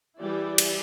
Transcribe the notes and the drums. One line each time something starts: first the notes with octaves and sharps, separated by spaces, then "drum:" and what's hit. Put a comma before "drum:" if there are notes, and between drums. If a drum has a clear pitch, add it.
E3 G3 E4 G4 G#4 D5
drum: cymbal